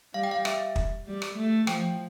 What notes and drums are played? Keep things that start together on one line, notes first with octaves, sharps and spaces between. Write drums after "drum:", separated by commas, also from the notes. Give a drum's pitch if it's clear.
G3 F5
G5
F5
E5, drum: rim click
drum: kick
G3
drum: rim click
A3
F3 G5, drum: rim click